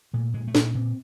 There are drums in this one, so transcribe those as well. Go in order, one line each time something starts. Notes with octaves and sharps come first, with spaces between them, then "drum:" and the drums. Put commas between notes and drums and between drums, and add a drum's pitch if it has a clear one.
A#2 A3
A#2 G#3
A3
A#2, drum: snare
C#4
A#2 C4